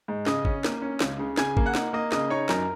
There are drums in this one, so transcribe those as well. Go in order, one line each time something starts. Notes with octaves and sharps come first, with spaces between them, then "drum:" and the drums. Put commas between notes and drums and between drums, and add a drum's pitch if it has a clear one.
G#2
C#3 D#5 D#6, drum: snare
C#4, drum: kick
A#3, drum: snare
C#4
C#2, drum: snare
C#3
C#3 G#5 G#6, drum: snare
A#3, drum: kick
F#5 F#6
D#4, drum: snare
A#3 D#5 D#6
C#3 D#5 D#6, drum: snare
D#4 C#5 C#6
F#2 A#4 A#5, drum: snare